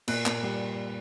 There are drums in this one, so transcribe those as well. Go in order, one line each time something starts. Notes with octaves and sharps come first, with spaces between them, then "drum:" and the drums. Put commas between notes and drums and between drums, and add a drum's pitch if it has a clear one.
A#2 F#6, drum: cymbal
A#2, drum: clap
G3